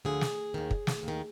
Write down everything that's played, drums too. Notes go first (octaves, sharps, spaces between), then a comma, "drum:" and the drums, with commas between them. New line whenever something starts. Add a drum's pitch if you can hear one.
D2 D3 F3 G#4
drum: snare
D#2 D#3
drum: kick
drum: snare
D#2 D#3